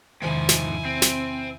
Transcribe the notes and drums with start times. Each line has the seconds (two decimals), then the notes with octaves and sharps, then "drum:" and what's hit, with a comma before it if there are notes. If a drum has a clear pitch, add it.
0.22 E2 G#2 C3 D#3 F3 E4 G#5
0.49 drum: snare
0.86 C4
1.02 drum: snare